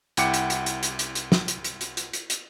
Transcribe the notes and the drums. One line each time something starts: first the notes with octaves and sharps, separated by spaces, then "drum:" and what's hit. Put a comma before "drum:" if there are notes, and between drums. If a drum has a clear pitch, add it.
C2 E4 F#5 G5 D6 C#7, drum: hi-hat
drum: hi-hat
drum: hi-hat
drum: hi-hat
drum: hi-hat
drum: hi-hat
drum: hi-hat
drum: snare
drum: hi-hat
drum: hi-hat
drum: hi-hat
drum: hi-hat
drum: hi-hat
drum: hi-hat